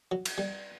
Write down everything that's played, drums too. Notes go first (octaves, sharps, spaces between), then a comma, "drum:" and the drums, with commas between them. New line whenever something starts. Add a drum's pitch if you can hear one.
F#3
drum: cymbal
G3